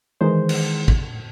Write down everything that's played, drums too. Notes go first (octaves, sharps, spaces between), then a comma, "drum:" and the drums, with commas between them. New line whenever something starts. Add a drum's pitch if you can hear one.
D#3 E3 G#3 C5
drum: cymbal
drum: kick